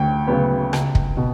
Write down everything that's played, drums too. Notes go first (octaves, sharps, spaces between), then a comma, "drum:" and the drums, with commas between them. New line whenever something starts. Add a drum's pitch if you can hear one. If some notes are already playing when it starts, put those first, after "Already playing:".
Already playing: D2 G5
C#3 F#3 B3
C#2, drum: rim click
drum: kick
B2